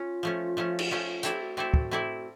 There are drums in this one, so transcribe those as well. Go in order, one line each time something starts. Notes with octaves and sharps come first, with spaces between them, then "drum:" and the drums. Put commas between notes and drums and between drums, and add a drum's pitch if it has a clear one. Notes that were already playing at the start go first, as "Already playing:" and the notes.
Already playing: C#4 F4
F3 A3 C#4
F3 A3 C#4
drum: cymbal
F3 A3 C#4
A3 C4 E4 F#4 A4 D5, drum: hi-hat
G4
F#4
A3 C4 E4 A4 D5
drum: kick
A3 C4 E4 A4 D5